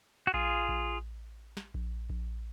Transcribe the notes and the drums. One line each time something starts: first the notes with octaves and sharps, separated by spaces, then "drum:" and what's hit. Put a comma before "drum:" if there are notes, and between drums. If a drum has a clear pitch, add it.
F#4
F4 G#4, drum: kick A#1
drum: kick A#1
drum: snare
drum: kick A#1
drum: kick A#1